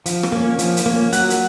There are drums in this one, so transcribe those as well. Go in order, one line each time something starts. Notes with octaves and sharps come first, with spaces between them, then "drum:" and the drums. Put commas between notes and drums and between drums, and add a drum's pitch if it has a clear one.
F3, drum: hi-hat
drum: rim click
A#3 C#4
F3, drum: hi-hat
drum: hi-hat
A#3 C#4
F#3 F#5, drum: hi-hat
drum: hi-hat